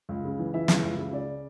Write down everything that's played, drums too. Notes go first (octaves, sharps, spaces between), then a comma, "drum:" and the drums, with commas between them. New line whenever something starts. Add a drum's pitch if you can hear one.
C#2
C#3
E3
E3 E5
C#3, drum: snare
C#2
C#3
C#3 D5